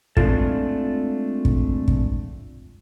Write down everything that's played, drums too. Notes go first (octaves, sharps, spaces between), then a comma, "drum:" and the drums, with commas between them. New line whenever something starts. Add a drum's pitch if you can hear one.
G#3 A3 C4 D4 F4 A4, drum: kick
drum: kick
drum: kick